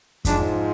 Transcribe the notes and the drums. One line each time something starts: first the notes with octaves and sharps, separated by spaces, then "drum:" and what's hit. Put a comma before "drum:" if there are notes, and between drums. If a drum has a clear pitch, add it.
G#2 F3 G#3 D4, drum: kick F2, hi-hat